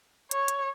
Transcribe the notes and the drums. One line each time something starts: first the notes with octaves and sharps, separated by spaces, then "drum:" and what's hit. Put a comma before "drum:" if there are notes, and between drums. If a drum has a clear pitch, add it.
C#5, drum: hi-hat
drum: hi-hat